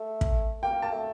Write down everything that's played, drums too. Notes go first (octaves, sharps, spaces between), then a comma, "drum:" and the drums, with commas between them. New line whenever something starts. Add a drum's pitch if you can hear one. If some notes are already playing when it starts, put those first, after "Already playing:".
Already playing: A3
drum: kick
A#3 G5
A#3
A#3 A5
A3